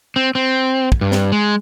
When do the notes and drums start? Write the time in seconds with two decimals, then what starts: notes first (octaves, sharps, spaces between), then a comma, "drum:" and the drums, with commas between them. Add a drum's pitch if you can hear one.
0.16 C4
0.35 C4
0.92 drum: kick
1.01 G2
1.12 drum: snare
1.32 G#3